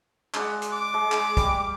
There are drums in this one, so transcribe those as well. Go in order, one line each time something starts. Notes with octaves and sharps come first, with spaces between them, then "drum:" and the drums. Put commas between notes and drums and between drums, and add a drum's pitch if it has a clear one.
G#3 D5 F#5, drum: clap
drum: hi-hat
D6
G#3
drum: clap
G3, drum: kick, hi-hat